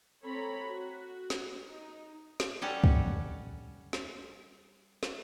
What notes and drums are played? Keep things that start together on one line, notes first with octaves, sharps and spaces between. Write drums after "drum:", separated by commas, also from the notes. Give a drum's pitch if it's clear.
C4 A4 C#5 A#5 B5
F#4
drum: snare
D#4
drum: snare
G3 C#4 A4 F#5
drum: kick
drum: snare
drum: snare